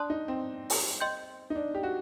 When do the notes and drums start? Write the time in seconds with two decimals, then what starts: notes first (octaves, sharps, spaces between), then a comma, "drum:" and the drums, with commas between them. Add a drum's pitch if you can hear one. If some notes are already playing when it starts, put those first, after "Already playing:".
Already playing: D4 D5 A5 C6 D#6 F#6
0.10 D#4
0.28 C4
0.70 drum: open hi-hat
1.01 D#5 G5 C6 G6
1.50 D#4
1.56 D4
1.75 G4
1.83 F#4